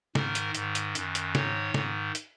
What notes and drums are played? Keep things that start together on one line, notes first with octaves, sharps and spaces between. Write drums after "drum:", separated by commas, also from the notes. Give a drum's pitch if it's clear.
G#2 D#3 A#4, drum: snare
drum: hi-hat
G#2, drum: hi-hat
D#3
drum: hi-hat
F#2 D#3, drum: hi-hat
drum: hi-hat
G#2 D#3 C#5, drum: snare
G#2 D#3, drum: snare
drum: hi-hat